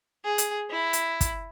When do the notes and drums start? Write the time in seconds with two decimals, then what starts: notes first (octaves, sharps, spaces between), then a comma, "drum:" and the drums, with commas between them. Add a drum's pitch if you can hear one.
0.24 G#4
0.38 drum: hi-hat
0.71 E4
0.93 drum: hi-hat
1.21 drum: kick, hi-hat